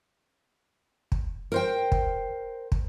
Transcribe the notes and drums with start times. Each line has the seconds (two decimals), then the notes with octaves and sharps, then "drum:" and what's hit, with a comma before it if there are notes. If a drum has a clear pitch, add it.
1.12 drum: kick
1.52 A#4 C5 G5
1.92 drum: kick
2.72 drum: kick